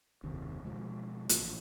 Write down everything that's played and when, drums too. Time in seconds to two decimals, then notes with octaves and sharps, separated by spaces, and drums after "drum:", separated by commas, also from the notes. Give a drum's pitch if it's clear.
0.23 F#1 D#2 C3
0.65 B2 F3 G#3
1.29 A1 A#2 F3, drum: hi-hat